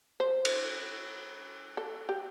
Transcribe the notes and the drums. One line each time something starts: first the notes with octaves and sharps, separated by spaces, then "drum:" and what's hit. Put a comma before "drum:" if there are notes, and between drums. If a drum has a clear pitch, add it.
C5
drum: cymbal
A4
G4